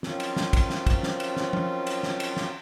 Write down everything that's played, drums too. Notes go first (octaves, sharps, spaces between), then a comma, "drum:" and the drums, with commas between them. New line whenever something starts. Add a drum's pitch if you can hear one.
D#3 F3 F#3 C4 C#4 F4, drum: snare
drum: cymbal
drum: snare
drum: kick, cymbal
drum: snare
drum: kick, cymbal
drum: snare
drum: cymbal
drum: snare
drum: tom
drum: cymbal
drum: snare
drum: cymbal
drum: snare